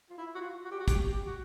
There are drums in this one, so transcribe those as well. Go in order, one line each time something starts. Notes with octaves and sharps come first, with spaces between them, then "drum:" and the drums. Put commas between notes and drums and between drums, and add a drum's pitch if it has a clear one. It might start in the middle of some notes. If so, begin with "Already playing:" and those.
F4
E4
F#4
F4
F#4
G4
F#4
G4, drum: kick, hi-hat
G4
F#4